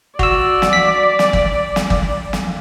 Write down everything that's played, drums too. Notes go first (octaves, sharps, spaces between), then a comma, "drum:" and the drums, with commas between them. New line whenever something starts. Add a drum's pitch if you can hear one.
F#4 D5 E6, drum: kick G1
drum: snare
B6
drum: snare
drum: kick G1
drum: snare
drum: kick G1
drum: snare